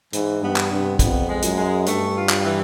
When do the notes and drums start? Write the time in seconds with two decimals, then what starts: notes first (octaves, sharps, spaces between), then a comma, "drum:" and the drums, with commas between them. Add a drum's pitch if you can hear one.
0.13 G#2 E3, drum: hi-hat
0.42 G2 B3
0.56 drum: clap
0.71 G2 C3
0.99 F2 B3, drum: kick, hi-hat
1.28 G#3
1.42 F#2, drum: hi-hat
1.57 G#3
1.86 G2 A3, drum: hi-hat
2.15 F4
2.29 drum: clap
2.44 E3